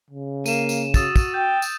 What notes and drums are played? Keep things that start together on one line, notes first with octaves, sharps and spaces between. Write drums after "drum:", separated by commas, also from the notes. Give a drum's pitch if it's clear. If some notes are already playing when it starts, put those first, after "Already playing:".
C#3
A#3 D#7 E7, drum: tambourine
drum: tambourine
F#4 D#6 E6 A6, drum: kick, tambourine
drum: kick, tambourine
G5 G6
drum: tambourine